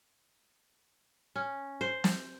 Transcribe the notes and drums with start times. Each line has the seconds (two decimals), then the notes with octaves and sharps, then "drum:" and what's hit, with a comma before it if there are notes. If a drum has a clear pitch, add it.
1.36 C#4
1.81 C5
2.04 drum: snare